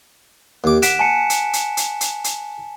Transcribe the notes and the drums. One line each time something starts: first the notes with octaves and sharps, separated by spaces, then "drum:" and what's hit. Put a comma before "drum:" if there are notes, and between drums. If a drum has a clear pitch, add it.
D#2 D6
F#5 B6 D7 E7, drum: hi-hat
G#5 A5 C#7
drum: hi-hat
drum: hi-hat
drum: hi-hat
drum: hi-hat
drum: hi-hat